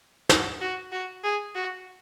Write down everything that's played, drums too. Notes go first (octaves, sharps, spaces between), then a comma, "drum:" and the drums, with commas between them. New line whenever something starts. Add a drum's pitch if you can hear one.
F#4, drum: snare
F#4
F#4
G#4
F#4